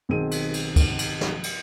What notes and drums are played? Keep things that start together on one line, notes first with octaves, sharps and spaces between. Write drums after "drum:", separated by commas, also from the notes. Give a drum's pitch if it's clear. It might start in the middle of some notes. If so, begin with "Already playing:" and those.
B1 D#3 C4 G#4 D#7
drum: cymbal
drum: cymbal
drum: kick, cymbal
drum: cymbal
drum: snare
drum: cymbal